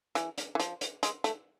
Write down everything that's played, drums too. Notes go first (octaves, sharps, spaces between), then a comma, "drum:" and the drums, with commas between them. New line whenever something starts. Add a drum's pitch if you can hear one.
E3, drum: hi-hat
drum: hi-hat
E3
F3, drum: hi-hat
drum: hi-hat
G#3, drum: hi-hat
A3, drum: hi-hat